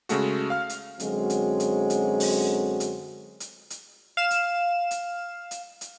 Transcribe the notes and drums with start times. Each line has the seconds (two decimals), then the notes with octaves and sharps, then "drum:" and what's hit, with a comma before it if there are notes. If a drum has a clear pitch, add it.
0.09 C#3 G#3 A3 F#4, drum: hi-hat
0.50 F5 F6
0.69 drum: hi-hat
1.00 F#2 D3 F#3 G#3 C4 F#4, drum: hi-hat
1.30 drum: hi-hat
1.60 drum: hi-hat
1.90 drum: hi-hat
2.20 drum: open hi-hat
2.80 drum: hi-hat
3.40 drum: hi-hat
3.70 drum: hi-hat
4.17 F5 E7
4.31 drum: hi-hat
4.91 drum: hi-hat
5.51 drum: hi-hat
5.81 drum: hi-hat